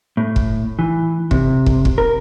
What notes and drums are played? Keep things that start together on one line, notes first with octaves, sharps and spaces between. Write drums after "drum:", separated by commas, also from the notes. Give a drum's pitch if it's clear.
A2
drum: kick
E3
C3, drum: kick
drum: kick
drum: kick
A#4